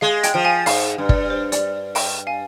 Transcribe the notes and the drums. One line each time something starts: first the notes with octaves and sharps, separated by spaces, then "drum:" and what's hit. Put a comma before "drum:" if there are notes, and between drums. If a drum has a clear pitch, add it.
G#3 F5
D#5 G5, drum: hi-hat
F3 G5
F5 G#5
G#2 F5, drum: open hi-hat
G2
D5, drum: kick
C5
D5, drum: hi-hat
D#5 G5, drum: open hi-hat
F5 G#5